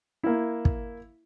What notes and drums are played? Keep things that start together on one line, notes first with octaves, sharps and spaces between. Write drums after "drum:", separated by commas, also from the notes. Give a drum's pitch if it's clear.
A#3 E4
drum: kick